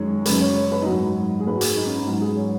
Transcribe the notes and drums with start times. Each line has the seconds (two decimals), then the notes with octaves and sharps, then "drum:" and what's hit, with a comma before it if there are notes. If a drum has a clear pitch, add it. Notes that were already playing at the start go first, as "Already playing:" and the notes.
Already playing: F#2 D#3 G#3 C#5
0.25 F#2 C#3 G#3 B4, drum: hi-hat
0.41 C#5
0.55 C#5
0.72 B4
0.82 D#4
0.86 G#2 F#3 F#4
1.40 G#4
1.46 G#2 G#3 B4
1.56 F#4
1.61 G#4, drum: hi-hat
1.77 D#4
1.86 C#4
1.97 D#4
2.07 G#2 F#3 F#4
2.21 G#4
2.37 C#5